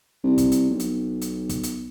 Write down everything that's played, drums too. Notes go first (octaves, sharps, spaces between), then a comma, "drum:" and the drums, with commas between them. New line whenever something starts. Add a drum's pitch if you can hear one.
C2
drum: kick, hi-hat
drum: hi-hat
B1
drum: hi-hat
drum: hi-hat
drum: kick, hi-hat
drum: hi-hat